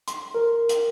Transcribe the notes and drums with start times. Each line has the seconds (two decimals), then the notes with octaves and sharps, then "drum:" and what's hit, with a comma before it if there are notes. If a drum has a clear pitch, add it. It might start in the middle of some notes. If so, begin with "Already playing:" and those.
0.08 C6, drum: hi-hat
0.35 A#4
0.69 drum: hi-hat